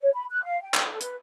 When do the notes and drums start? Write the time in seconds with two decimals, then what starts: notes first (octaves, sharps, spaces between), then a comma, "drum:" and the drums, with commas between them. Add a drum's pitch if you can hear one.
0.01 C#5
0.14 B5
0.30 F#6
0.44 F5
0.61 G5
0.74 drum: clap
0.85 A4
1.01 B4, drum: hi-hat